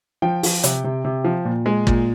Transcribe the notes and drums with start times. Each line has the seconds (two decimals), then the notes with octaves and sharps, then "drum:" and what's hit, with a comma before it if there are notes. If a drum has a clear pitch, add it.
0.22 F3 G5
0.43 F3, drum: open hi-hat
0.63 C3, drum: hi-hat
0.84 C3
1.05 C3
1.24 F3
1.45 A#2
1.66 G#3
1.87 A#2, drum: kick